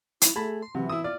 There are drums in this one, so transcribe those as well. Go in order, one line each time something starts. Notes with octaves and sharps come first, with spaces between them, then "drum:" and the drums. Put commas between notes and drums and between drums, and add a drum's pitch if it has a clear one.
E4, drum: hi-hat
A3 G#4 A5 B5
C6
C3 E3 F#3
E4 D#6 E6
F4 D5